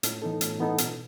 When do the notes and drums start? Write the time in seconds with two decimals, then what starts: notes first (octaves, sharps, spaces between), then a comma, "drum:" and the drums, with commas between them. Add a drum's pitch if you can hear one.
0.03 A2, drum: hi-hat
0.22 E3 B3 D#4 A4
0.41 A2, drum: hi-hat
0.60 E3 B3 D#4 A4
0.78 B2, drum: hi-hat